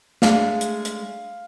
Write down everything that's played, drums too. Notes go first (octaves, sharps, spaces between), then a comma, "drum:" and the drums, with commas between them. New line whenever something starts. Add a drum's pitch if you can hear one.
G#3 A3 D4 F5, drum: snare
drum: hi-hat
drum: hi-hat